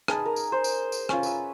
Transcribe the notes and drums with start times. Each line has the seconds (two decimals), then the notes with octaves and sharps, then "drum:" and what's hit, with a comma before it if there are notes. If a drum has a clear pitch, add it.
0.08 D#4 G#4 B4 A5, drum: rim click
0.25 A#4
0.36 drum: tambourine
0.52 C5
0.64 drum: tambourine
0.92 drum: tambourine
1.09 C#4 F4, drum: rim click
1.23 B4 E5, drum: tambourine